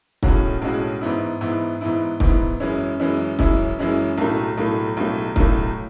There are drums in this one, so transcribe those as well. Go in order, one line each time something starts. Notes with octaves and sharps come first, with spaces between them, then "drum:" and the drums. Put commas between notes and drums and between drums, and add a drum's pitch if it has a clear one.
B1 A2 G#3 C#4 F#4, drum: kick
B1 A2 G#3 C#4 F#4
G#2 E3 B3 E4
G#2 E3 B3 E4
G#2 E3 B3 E4
G#2 E3 B3 E4, drum: kick
F#2 E3 G#3 C#4 E4
F#2 E3 G#3 C#4 E4
F#2 E3 G#3 C#4 E4, drum: kick
F#2 E3 G#3 C#4 E4
B1 A2 F#3 A3
B1 A2 F#3 A3
B1 A2 F#3 A3
B1 A2 F#3 A3, drum: kick